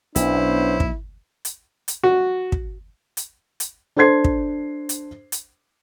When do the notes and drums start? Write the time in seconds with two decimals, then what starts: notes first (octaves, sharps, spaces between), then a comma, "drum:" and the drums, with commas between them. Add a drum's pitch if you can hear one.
0.16 B1 B3 C#4 D4 E4 C5, drum: hi-hat
0.80 drum: kick
1.45 drum: hi-hat
1.88 drum: hi-hat
2.03 F#4
2.52 drum: kick
3.17 drum: hi-hat
3.60 drum: hi-hat
3.96 D4 A4 C5 C6 G#6 C7
4.24 drum: kick
4.89 drum: hi-hat
5.32 drum: hi-hat